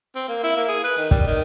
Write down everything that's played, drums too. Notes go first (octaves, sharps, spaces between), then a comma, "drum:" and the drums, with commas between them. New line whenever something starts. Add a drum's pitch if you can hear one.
C4
A#3
E4
A#3
G#4
B4
D#3
G3, drum: kick
D#3